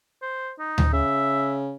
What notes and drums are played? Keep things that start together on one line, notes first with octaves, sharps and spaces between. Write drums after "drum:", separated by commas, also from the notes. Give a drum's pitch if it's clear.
C5
D#4
drum: tom D2
C#3 E5